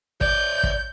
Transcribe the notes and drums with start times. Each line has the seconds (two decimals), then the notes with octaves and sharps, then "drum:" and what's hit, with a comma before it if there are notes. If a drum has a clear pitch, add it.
0.21 C#5 D5 G6, drum: kick
0.63 drum: kick